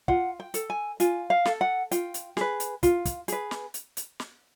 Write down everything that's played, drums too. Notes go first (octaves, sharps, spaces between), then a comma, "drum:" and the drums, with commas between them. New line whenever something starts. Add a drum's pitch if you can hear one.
F4 F#5, drum: kick
G5
A4, drum: hi-hat
G#5
F4 G#5, drum: hi-hat
F5
A4, drum: snare
F#5
F4 G5, drum: hi-hat
drum: hi-hat
G#4 B4, drum: snare
drum: hi-hat
F4, drum: kick, hi-hat
drum: kick, hi-hat
G#4 B4, drum: hi-hat
drum: snare
drum: hi-hat
drum: hi-hat
drum: snare